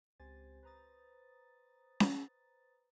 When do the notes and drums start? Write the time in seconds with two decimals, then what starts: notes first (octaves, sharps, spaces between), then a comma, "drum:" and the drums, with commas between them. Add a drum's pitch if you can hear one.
0.20 C#2 C4 G4 C5 G#5 A6
0.63 B4 C5 A#5 D#6 A6
2.00 drum: snare C#4